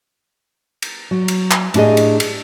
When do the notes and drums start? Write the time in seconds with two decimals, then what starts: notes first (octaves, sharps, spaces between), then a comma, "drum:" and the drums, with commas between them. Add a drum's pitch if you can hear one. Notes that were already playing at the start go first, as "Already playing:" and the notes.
0.82 drum: cymbal
1.11 F#3
1.28 drum: cymbal
1.51 drum: clap
1.74 A2 D4 G4 G#4 D#5, drum: cymbal
1.97 drum: cymbal
2.20 drum: cymbal